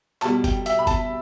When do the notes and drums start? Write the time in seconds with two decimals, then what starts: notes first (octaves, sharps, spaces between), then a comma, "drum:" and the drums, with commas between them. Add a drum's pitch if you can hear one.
0.22 B2 G3 A5, drum: clap
0.44 G5, drum: kick, hi-hat
0.66 E5, drum: hi-hat
0.79 B5
0.87 A5, drum: kick, hi-hat